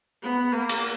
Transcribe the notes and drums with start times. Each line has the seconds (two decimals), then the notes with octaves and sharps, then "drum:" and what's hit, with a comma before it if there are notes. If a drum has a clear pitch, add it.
0.23 B3
0.52 A#3
0.69 drum: cymbal